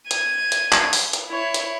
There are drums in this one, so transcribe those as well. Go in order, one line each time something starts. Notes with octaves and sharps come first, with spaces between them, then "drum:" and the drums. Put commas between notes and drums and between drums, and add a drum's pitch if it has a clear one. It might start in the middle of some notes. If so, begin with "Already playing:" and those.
G#6 D#7, drum: hi-hat
drum: hi-hat
drum: clap
drum: open hi-hat
drum: hi-hat
E4 C#5
drum: hi-hat